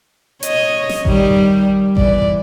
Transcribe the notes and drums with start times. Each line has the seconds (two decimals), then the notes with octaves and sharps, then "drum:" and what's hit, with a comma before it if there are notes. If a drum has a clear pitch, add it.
0.43 C#5 D#5, drum: hi-hat
0.89 drum: snare
1.05 D#3 G3, drum: kick G#1
1.97 E3 D5, drum: kick G#1